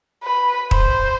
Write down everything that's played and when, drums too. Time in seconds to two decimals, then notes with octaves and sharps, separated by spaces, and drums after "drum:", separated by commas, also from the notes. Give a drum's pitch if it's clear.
0.23 B4
0.71 C5, drum: kick